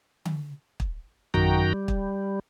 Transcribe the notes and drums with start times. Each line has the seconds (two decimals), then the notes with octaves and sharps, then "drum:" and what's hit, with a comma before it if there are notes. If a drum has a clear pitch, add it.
0.25 drum: tom D3
0.80 drum: kick
1.34 F#2 D#3 F#4 G5 A#5, drum: tom A1
1.74 G3
1.88 drum: kick